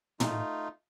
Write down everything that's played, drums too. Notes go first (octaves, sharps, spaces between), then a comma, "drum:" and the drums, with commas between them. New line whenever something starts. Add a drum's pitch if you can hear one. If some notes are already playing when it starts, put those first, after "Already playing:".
A3 D#4 F4, drum: tom